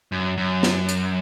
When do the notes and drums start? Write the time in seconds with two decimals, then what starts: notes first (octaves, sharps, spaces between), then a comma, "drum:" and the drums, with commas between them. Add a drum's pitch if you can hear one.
0.12 F#2
0.37 F#2
0.63 drum: snare
0.89 drum: hi-hat